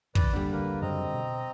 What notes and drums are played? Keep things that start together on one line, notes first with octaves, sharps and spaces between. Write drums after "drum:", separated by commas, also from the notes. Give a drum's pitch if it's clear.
C#3 E3 B4 D5, drum: kick
D#2 D3 G3 B5
A#3 A#4 B4
F#2 C#3 F#3 C4 D#5 A#5
B2